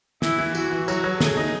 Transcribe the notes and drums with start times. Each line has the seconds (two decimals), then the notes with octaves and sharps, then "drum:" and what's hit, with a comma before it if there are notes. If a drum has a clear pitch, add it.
0.22 E3 E4, drum: snare
0.38 E3
0.55 E3 F#4, drum: tambourine
0.71 E3
0.88 F#3 F#4, drum: tambourine
1.04 F#3
1.21 A3 G#4, drum: snare
1.37 D#4